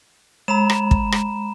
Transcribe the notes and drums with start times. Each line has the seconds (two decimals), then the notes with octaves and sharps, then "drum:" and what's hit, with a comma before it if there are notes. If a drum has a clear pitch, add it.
0.48 G#3 A#5 B5 E7
0.70 drum: rim click
0.91 drum: kick
1.12 drum: rim click